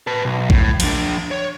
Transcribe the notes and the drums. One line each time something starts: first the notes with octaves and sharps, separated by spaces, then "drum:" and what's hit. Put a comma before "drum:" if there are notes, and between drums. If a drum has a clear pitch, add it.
B4 A5
B1
A2, drum: kick A1
F3 D4, drum: cymbal
C#5